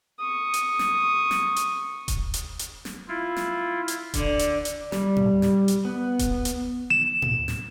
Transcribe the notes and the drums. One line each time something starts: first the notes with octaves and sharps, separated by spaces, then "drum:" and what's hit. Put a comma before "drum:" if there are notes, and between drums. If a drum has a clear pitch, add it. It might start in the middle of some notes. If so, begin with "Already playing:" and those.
C#6 D#6
drum: hi-hat
drum: snare
drum: snare
drum: hi-hat
drum: kick D#1, hi-hat
drum: hi-hat
drum: hi-hat
drum: snare
E4 F4
drum: snare
drum: hi-hat
D3, drum: kick D#1, hi-hat
drum: hi-hat
drum: hi-hat
G3, drum: snare
drum: tom A2
drum: snare
drum: hi-hat
B3
drum: kick D#1, hi-hat
drum: hi-hat
E7
drum: tom A2
drum: snare